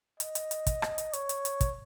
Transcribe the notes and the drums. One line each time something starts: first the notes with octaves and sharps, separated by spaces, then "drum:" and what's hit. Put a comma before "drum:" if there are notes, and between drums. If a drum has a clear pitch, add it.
D#5, drum: hi-hat
drum: hi-hat
drum: hi-hat
drum: kick, hi-hat
drum: rim click
drum: hi-hat
C#5, drum: hi-hat
drum: hi-hat
drum: hi-hat
drum: kick, hi-hat